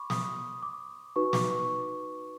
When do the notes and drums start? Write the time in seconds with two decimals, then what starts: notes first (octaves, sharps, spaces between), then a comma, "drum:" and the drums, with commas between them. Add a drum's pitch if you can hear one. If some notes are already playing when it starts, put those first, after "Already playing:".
Already playing: B5 C#6 D6
0.10 D#6, drum: snare
0.63 D6
1.16 D#4 F#4 B4 C#6
1.33 D6, drum: snare
1.51 C#6